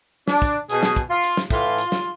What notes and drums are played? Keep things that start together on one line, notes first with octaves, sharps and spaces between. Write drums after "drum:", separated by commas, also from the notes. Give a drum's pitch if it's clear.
D4, drum: snare
drum: kick, hi-hat
B2 G#4, drum: hi-hat
drum: snare
drum: kick, hi-hat
F4
drum: hi-hat
drum: snare
A2 E3 F4, drum: kick, hi-hat
drum: hi-hat
drum: snare